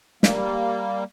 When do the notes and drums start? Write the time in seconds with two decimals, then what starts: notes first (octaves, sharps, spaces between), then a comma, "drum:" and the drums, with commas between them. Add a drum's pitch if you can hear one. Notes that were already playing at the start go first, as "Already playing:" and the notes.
0.23 G3 A#3, drum: snare